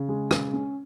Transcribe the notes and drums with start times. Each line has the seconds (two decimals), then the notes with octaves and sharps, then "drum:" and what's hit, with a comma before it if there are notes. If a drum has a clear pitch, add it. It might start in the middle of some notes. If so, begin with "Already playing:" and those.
Already playing: C#3
0.09 G#3
0.31 C#3, drum: rim click
0.53 C#4